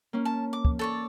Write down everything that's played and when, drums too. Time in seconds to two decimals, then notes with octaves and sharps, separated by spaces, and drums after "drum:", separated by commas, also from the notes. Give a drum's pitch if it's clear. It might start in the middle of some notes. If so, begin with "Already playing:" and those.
0.13 A#3 C#4
0.25 A5
0.53 D6
0.65 drum: kick
0.79 A4 C#5 D5